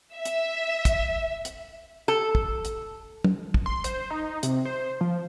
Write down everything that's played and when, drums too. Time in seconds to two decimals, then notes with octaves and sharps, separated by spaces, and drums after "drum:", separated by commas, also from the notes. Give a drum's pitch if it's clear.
0.15 E5
0.25 drum: hi-hat
0.85 drum: kick, hi-hat
1.45 drum: hi-hat
2.08 A4
2.35 drum: kick
2.65 drum: hi-hat
3.24 drum: tom
3.54 drum: kick
3.66 C6
3.84 C5, drum: hi-hat
4.11 D#4
4.43 C3, drum: hi-hat
4.65 C5
5.01 F3